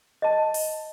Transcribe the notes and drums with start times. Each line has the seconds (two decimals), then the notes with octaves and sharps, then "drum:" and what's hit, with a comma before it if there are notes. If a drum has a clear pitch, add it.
0.22 D#5 A5
0.54 drum: open hi-hat